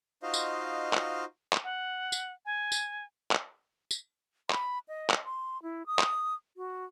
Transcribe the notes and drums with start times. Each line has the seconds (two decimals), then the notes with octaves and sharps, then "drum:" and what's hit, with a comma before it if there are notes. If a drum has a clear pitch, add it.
0.23 D#4 F4 F#4 C5 D#5 F5
0.34 drum: tambourine
0.93 drum: clap
1.53 drum: clap
1.64 F#5
2.12 drum: tambourine
2.46 G#5
2.72 drum: tambourine
3.31 drum: clap
3.91 drum: tambourine
4.50 B5, drum: clap
4.88 D#5
5.10 drum: clap
5.25 C6
5.63 E4
5.86 D#6
5.99 drum: clap
6.57 F#4